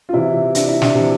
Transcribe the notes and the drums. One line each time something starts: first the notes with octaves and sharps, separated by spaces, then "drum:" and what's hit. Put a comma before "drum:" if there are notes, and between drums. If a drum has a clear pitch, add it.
F4
C3 E3 E4
D4, drum: hi-hat
E4
D4, drum: snare
C3 E3